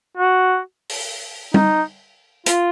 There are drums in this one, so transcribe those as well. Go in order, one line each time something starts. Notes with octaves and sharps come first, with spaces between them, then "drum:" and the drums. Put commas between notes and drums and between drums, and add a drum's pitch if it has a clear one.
F#4
drum: open hi-hat
D#4, drum: tom G3
F4, drum: hi-hat